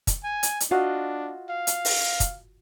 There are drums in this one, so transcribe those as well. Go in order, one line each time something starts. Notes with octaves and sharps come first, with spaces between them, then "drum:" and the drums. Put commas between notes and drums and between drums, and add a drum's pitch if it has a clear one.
drum: kick, hi-hat
G#5
drum: hi-hat
drum: hi-hat
D4 F4 F#4 D#5
F5
drum: hi-hat
drum: open hi-hat
drum: kick, hi-hat